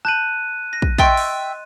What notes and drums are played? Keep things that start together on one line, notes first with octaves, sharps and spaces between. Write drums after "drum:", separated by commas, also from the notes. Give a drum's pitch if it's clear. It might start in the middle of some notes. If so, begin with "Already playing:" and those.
A5 F#6 G6 D#7 F#7
A#6
drum: kick
D#5 E5 G5 C6 C#6 A6, drum: kick
drum: open hi-hat